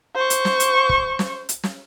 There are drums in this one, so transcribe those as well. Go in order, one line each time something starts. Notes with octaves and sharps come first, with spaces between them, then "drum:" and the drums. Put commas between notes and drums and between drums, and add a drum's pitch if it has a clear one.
C5 C#6
drum: hi-hat
drum: snare
drum: hi-hat
drum: kick
drum: snare
drum: hi-hat
drum: snare